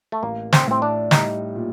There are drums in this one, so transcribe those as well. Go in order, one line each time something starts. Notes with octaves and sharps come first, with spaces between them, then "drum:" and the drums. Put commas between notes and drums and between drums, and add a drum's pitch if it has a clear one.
A3
A1 A#3
C4, drum: snare
A2 C4
D4
G3 D#4, drum: snare
A#2